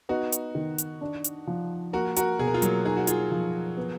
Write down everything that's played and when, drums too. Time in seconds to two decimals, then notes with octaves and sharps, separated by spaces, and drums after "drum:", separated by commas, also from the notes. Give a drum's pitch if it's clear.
0.09 B3 D#4 F#4
0.32 drum: hi-hat
0.55 D#3
0.78 drum: hi-hat
1.01 D4
1.24 drum: hi-hat
1.47 F3
1.93 A#3 F#4 A#4
2.16 F#4 A#4, drum: hi-hat
2.39 B2 G#4
2.47 A#4
2.54 F4 G#4
2.62 F#3 A#3, drum: hi-hat
2.85 D#4 G#4
2.97 F#4
3.07 F4 G#4, drum: hi-hat
3.32 F3
3.77 B3